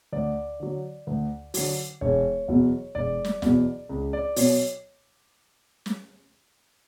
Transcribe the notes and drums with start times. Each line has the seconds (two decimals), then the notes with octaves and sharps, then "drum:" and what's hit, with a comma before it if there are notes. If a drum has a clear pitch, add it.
0.12 D2 D5
0.60 D3 F#3
1.07 D2
1.54 D3 F#3, drum: open hi-hat
2.01 E1 C#5
2.48 E2 B2 F#3
2.95 E1 D5
3.24 drum: snare
3.42 E2 B2 F#3, drum: snare
3.89 C#2
4.13 D5
4.36 B2 F#3 C#5, drum: open hi-hat
5.86 drum: snare